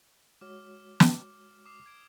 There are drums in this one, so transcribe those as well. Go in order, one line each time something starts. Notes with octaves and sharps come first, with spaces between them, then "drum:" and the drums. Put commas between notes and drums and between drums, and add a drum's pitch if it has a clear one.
G#3 F#4 C#5 D6 F6
drum: snare
D6 D#6 C7
F6 G#6 D7